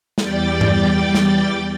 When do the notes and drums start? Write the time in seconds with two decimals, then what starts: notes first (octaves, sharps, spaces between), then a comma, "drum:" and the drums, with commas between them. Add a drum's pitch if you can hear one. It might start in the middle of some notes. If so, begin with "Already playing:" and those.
0.18 E2 G3 D5 G5 A6, drum: snare
0.61 drum: tom G2
1.15 drum: snare